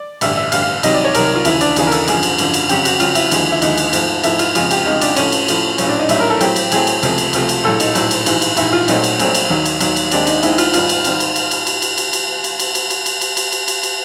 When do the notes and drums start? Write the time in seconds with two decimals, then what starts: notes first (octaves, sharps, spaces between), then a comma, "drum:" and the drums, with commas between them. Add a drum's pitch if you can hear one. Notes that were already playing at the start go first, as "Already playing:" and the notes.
Already playing: D5
0.21 A1 G2 D3 E5, drum: cymbal
0.37 E5
0.52 A1 G2 D3 F5, drum: cymbal
0.62 F5
0.83 C2 C3 D#3 F#3 D#5, drum: cymbal
0.94 D5
1.05 C#5
1.15 C2 C3 D#3 F#3 A#4, drum: cymbal
1.25 A#4
1.35 F4
1.45 D#2 C#3 E3 E4, drum: cymbal
1.61 D4, drum: cymbal
1.76 D#2 C#3 E3 G#4, drum: cymbal
1.87 A#4
1.92 A4, drum: cymbal
2.08 G#1 F#2 D3 F3 G#4, drum: cymbal
2.23 drum: cymbal
2.38 G#1 F#2 D3 F3, drum: cymbal
2.54 drum: cymbal
2.69 F2 C#3 F#3 G4, drum: cymbal
2.85 F#4, drum: cymbal
3.00 F2 C#3 F#3 F4, drum: cymbal
3.15 E4, drum: cymbal
3.31 D#2 D3 F3 G#3, drum: cymbal
3.52 E4
3.62 D#2 D3 F3 G#3 D#4, drum: cymbal
3.77 drum: cymbal
3.93 G#2 F3 A3 C4, drum: cymbal
4.24 G#2 F3 A3 C4 E4, drum: cymbal
4.39 F4, drum: cymbal
4.55 F2 C#3 F3 G#3 F4, drum: cymbal
4.71 G4, drum: cymbal
4.86 F2 C#3 F3 G#3 D#4
5.01 D4, drum: cymbal
5.16 A2 F3 A3 C#4, drum: cymbal
5.32 drum: cymbal
5.48 A2 F3 A3, drum: cymbal
5.78 A#1 A2 F#3 C#4, drum: cymbal
5.89 D4
5.99 D#4
6.09 A#1 A2 F#3 E4, drum: cymbal
6.20 A#4
6.30 A4
6.41 A2 F#3 A3 C4 G4, drum: cymbal
6.56 drum: cymbal
6.72 A2 F#3 A3 C4 G#4, drum: cymbal
6.87 drum: cymbal
7.03 C#2 C3 F3 A3, drum: cymbal
7.18 drum: cymbal
7.33 C#2 C3 F3 A3, drum: cymbal
7.49 drum: cymbal
7.64 A#1 A2 F#3 A4
7.80 D#4, drum: cymbal
7.95 A#1 A2 F#3, drum: cymbal
8.11 drum: cymbal
8.26 A#1 G#2 E3, drum: cymbal
8.42 drum: cymbal
8.57 A#1 G#2 E3 E4, drum: cymbal
8.73 F4
8.88 A#1 A#2 F#3 A3 C4 D#4, drum: cymbal
9.04 drum: cymbal
9.19 A#1 A#2 F#3 A3 C4, drum: cymbal
9.35 drum: cymbal
9.50 D#2 D#3 F#3
9.65 drum: cymbal
9.80 D#2 D#3 F#3, drum: cymbal
9.96 drum: cymbal
10.11 D#2 D#3 G#3 C4 D4, drum: cymbal
10.27 D#4, drum: cymbal
10.43 D#2 D#3 G#3 C4 E4, drum: cymbal
10.58 F4, drum: cymbal
10.74 G#2 D#3 G3 C4 F4, drum: cymbal
10.89 drum: cymbal
11.05 D#3 G3 C4, drum: cymbal
11.20 drum: cymbal
11.36 drum: cymbal
11.51 drum: cymbal
11.67 drum: cymbal
11.82 drum: cymbal
11.98 drum: cymbal
12.13 drum: cymbal
12.44 drum: cymbal
12.59 drum: cymbal
12.75 drum: cymbal
12.90 drum: cymbal
13.06 drum: cymbal
13.21 drum: cymbal
13.37 drum: cymbal
13.52 drum: cymbal
13.68 drum: cymbal
13.83 drum: cymbal